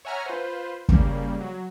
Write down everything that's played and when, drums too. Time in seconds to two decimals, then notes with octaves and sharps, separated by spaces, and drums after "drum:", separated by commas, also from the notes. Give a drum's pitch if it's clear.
0.05 C#5 E5 F#5 G#5 A#5 F6
0.26 F4 B4 C5
0.89 C#3 G3 A#3, drum: kick
1.41 F#3